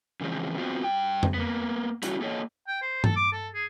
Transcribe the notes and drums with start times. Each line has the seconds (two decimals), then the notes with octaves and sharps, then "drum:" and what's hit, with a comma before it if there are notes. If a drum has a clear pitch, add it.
0.21 C#3 E3 F3 G#3 C4
0.58 B3 C4 F4 F#4 C5
0.84 G2 G5
1.23 drum: tom
1.34 A#3 B3
2.03 F#3 G3 A3 C#4 E4 F#4, drum: hi-hat
2.21 A#3 A4 C#5 D#5
2.68 G5
2.81 C5
3.04 A4, drum: tom G2
3.16 D6
3.32 A4
3.54 G#4